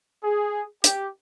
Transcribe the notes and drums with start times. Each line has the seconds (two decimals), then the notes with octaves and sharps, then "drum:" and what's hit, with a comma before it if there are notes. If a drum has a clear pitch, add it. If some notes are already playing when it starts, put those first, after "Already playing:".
0.24 G#4
0.84 G4, drum: hi-hat